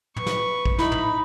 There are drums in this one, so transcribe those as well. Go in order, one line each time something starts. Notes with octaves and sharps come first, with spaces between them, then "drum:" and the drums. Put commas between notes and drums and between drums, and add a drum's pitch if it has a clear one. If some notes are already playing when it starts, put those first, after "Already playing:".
B4 C#6, drum: tom
drum: snare
drum: kick
D#4 E4 B5, drum: snare
drum: tom